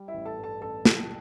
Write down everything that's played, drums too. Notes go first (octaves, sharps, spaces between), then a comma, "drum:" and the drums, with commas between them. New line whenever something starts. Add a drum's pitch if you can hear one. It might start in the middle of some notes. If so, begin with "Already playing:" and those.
Already playing: G3
E4 E5
A1
A4 A5
G2
A4 A5
A1 A4 A5
G3, drum: snare